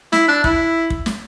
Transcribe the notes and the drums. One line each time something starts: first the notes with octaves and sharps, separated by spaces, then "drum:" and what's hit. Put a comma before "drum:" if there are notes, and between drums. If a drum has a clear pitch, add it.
E4, drum: snare
D4
E4, drum: kick
drum: kick
drum: snare